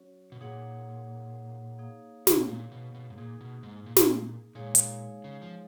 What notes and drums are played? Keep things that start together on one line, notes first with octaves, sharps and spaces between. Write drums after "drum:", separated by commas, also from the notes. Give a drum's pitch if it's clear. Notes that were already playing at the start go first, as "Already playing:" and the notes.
Already playing: F#3 C#4 F#4 C#5
B2
A#2 D#4 G#4 C#5 F#5
A#3 D#4 G#4 C#5 F5
C#3, drum: snare
B2
A#2
B2
B2
G#2
A#2 A#3 D#4 G#4
B2
G#2
A#2
drum: snare
A#2 G#3 D#4 G#4 C#5 F5
drum: hi-hat
C#3
F3